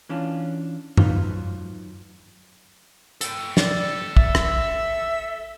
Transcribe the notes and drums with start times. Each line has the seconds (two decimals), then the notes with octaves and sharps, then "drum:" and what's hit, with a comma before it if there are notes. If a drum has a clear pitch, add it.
0.09 E3 C#4 D4 F4
0.97 F#3 D#4 F4 B4 C5, drum: tom F#2
3.21 A4 G5, drum: hi-hat
3.57 D5, drum: snare
4.17 E5, drum: kick
4.35 drum: rim click